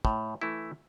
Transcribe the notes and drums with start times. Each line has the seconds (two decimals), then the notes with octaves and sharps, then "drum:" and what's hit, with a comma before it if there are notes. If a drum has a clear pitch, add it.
0.05 A2, drum: kick
0.41 E3 A3 E4